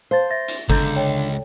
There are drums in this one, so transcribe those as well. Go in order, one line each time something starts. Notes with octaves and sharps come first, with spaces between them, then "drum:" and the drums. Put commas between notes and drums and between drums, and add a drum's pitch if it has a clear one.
C5 F5 A5 A6
E5 A6 A#6
drum: hi-hat
C#2 D3 A#5 G6, drum: kick G1
C#5 G5